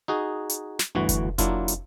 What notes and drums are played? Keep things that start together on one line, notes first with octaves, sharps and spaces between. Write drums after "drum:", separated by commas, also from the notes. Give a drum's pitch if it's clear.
D#4 F#4 G#4
drum: hi-hat
drum: snare
G1 D2 E3 F#4
drum: kick F1, hi-hat
F#3 A#3 D4 E4 F4, drum: kick F1, hi-hat
drum: hi-hat